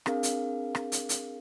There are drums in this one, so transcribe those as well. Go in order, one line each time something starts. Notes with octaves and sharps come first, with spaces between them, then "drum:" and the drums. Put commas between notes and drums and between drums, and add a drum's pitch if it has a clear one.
C4 D4 G#4 A#4 F5, drum: rim click
drum: hi-hat
drum: rim click
drum: hi-hat
drum: hi-hat